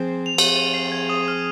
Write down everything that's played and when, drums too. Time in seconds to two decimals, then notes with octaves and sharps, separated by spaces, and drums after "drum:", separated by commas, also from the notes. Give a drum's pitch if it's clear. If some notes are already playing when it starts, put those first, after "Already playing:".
Already playing: F3 C4 G#4 C5
0.26 F7
0.38 F3 C4 G#4 D#7, drum: cymbal
0.56 D#7
0.74 C7
0.92 G#6
1.09 D#6
1.28 F6